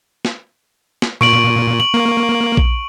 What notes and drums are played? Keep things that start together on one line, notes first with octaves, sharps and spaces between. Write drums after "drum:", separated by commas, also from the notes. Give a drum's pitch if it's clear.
drum: snare
drum: snare
A#2 C#6 D7 F#7
F#7
A#3
drum: kick A#1